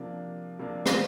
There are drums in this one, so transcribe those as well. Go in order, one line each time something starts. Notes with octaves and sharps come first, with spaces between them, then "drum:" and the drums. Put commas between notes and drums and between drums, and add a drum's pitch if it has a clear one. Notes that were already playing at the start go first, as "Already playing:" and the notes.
Already playing: C3 F3 A#3 D4
C3 F3 A#3 D4
drum: rim click